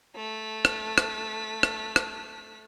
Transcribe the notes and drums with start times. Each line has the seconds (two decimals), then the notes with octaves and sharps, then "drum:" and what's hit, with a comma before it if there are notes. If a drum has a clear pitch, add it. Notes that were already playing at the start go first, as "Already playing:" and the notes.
0.16 A3 B6
0.65 drum: rim click
0.98 drum: rim click
1.63 drum: rim click
1.96 drum: rim click